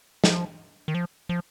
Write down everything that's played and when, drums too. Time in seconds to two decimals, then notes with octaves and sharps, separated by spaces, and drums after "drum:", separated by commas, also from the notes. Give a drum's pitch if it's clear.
0.24 F3, drum: snare
0.88 D#3
0.95 F3
1.29 F3